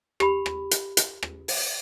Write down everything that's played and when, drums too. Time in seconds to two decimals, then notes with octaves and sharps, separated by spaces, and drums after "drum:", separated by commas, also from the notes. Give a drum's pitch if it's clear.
0.20 G4 B5, drum: rim click
0.46 drum: rim click
0.71 drum: hi-hat
0.97 drum: hi-hat
1.23 drum: rim click
1.48 drum: open hi-hat